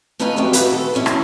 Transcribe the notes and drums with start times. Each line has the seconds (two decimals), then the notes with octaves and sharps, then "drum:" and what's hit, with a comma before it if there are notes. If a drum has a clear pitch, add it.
0.19 A3 C#4 D#4 B4 F5 G#5
0.36 F2 F#3 F4 G4 E5
0.53 D#3 E3 A3 F4 F#4 B4, drum: hi-hat
0.73 A4
0.94 A2 E3 C#4 E4
1.06 drum: rim click